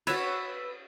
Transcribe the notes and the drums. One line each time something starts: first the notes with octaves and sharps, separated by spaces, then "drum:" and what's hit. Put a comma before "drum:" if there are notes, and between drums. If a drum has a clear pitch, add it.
F#4 B4 C#5 E6 B6, drum: cymbal